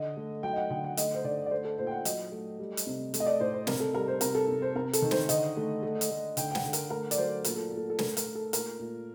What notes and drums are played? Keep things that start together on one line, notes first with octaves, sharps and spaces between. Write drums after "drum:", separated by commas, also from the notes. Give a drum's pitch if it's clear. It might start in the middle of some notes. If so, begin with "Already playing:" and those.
Already playing: D3 D#5
A3
F#3 G5
D#5
F#5
D3 G5
F#5
A3 D#5, drum: hi-hat
C5
D3 D5
D5
A3 C5
A4
A#2 C5
G5
F#5
F#3 D#5, drum: hi-hat
A3
G3
drum: hi-hat
C3
A3, drum: hi-hat
D#5
D5
A2 C5
C5
C3 A#4, drum: snare
A4
G3 A#4
C5
C3 A#4, drum: hi-hat
A4
C3
C5
C3 A#4
A4, drum: hi-hat
D#3
C5, drum: snare
D3 D#5, drum: hi-hat
A3
A3
drum: hi-hat
A3
D3 G5, drum: hi-hat
G5
F#5, drum: snare
D3
A#4, drum: hi-hat
A3 A#4
D5, drum: hi-hat
F#3 C5
A#2 A#4, drum: hi-hat
A4
A#2
A4
A4
A3 A#4, drum: snare
A#4, drum: hi-hat
A3
A4
A#2 A#4, drum: hi-hat
A#2